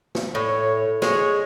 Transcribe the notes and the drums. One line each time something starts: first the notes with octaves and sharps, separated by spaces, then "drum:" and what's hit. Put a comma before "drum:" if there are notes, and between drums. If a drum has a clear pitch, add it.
drum: snare
A2 C#5
G#3 C#5, drum: snare